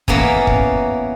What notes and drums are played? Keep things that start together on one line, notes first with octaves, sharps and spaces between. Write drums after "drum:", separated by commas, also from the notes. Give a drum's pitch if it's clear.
E3 A#3 B3 C#4, drum: kick
drum: kick